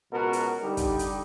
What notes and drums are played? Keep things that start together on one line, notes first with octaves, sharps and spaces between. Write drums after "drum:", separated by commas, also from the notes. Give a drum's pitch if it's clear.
C#2 B2 F#4 A#4
drum: hi-hat
D3 G3 D#4 G4
drum: kick, hi-hat
drum: hi-hat